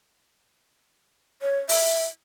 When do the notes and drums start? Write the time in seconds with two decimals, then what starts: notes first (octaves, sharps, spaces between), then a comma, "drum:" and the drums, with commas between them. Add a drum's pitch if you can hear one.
1.42 C#5
1.69 E5, drum: open hi-hat